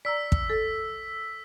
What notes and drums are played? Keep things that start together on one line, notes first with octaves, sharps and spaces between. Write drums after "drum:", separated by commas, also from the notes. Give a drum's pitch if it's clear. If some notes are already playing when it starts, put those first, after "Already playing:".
D5 A#5 E6 B6
drum: kick
A4